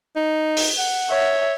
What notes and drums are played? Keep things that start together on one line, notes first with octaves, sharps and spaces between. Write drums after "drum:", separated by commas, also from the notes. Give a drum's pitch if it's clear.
D#4
drum: open hi-hat
F#5
C#5 E5